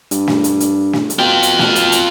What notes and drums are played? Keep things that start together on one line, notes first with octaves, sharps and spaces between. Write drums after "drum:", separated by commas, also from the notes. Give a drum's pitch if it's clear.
G2, drum: hi-hat
drum: snare
drum: hi-hat
drum: hi-hat
drum: snare
drum: hi-hat
B2 F4 G5
drum: hi-hat
drum: snare
drum: hi-hat
drum: hi-hat